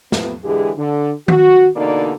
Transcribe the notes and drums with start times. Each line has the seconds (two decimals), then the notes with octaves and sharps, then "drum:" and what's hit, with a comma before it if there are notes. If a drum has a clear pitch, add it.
0.12 C3 F3 A3 B3, drum: snare
0.44 D3 E3 G#3 G4 G#4
0.78 D3
1.28 F#4, drum: tom D#3
1.76 E2 B2 D3 A#3 D#4 D5